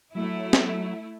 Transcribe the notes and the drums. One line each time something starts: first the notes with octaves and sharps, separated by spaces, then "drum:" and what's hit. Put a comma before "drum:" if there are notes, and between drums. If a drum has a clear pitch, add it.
F#3 A3 E4
drum: snare